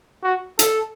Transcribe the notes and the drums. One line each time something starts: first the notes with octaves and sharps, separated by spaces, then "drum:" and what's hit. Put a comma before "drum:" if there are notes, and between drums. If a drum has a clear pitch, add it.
F#4
A4, drum: hi-hat